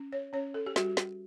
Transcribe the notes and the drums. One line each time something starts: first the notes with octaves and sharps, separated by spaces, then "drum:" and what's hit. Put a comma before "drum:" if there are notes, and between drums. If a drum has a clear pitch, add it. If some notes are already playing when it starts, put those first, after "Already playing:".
Already playing: C#4
C#5
C#4 C#5
A4
G4
G3 F#4, drum: snare
drum: snare